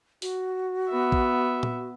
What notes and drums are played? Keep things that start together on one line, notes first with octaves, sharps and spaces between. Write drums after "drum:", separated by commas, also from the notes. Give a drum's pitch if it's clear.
F#4, drum: open hi-hat
B3 E5
drum: kick A#1
drum: tom A#2